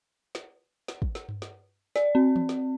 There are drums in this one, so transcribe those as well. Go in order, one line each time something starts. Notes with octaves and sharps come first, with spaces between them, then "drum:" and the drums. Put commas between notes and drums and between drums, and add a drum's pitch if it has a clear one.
drum: snare
drum: snare
drum: kick
drum: snare
drum: tom G2
drum: snare
D5, drum: snare
C4
drum: tom E3
drum: snare